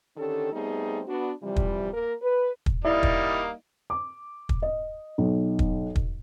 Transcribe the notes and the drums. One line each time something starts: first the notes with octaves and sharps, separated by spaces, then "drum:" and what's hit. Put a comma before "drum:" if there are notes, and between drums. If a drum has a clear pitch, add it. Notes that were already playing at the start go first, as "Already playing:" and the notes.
D3 D#3 C#4 G4 A4
G3 A3 B3 C4 D#4 G#4
B3 D4 F#4
C3 E3 F3 G3
drum: kick
A#3 A#4
B4
drum: kick
G3 A#3 D#4 E4 D5
drum: kick
D6
drum: kick
D#5
B1
drum: kick
drum: kick